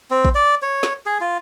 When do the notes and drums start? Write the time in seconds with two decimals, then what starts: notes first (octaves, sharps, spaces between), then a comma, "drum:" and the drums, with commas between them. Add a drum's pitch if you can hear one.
0.11 C4
0.25 drum: kick A#1
0.35 D5
0.62 C#5
0.83 drum: snare
1.06 G#4
1.21 F4